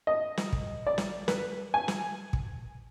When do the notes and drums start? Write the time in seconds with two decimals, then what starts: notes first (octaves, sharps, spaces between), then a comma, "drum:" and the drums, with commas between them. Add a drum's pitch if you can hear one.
0.07 D#5
0.37 drum: snare
0.53 drum: kick
0.87 D5
0.98 drum: snare
1.28 B4, drum: snare
1.74 G#5
1.88 drum: snare
2.33 drum: kick